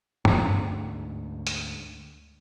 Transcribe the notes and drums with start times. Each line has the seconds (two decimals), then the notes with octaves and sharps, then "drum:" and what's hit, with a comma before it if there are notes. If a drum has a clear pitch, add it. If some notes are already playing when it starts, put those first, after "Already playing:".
0.25 D2 G#2, drum: tom
1.47 drum: hi-hat